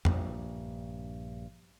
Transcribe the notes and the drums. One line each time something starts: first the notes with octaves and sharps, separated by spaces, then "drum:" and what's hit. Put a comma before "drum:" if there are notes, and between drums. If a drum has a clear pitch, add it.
A#1 G2, drum: tom F2